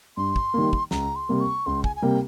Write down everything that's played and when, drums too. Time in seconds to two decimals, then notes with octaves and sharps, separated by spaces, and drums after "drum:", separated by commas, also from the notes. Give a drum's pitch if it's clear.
0.17 G2 C6
0.36 drum: kick
0.54 D#3 G3 A#3
0.73 drum: kick
0.91 C#2 A#5, drum: snare
1.16 C6
1.29 C3 G3 A#3
1.41 C#6
1.66 C#2 C6
1.84 G#5, drum: kick
1.96 G#5
2.02 C3 G3 A#3 G5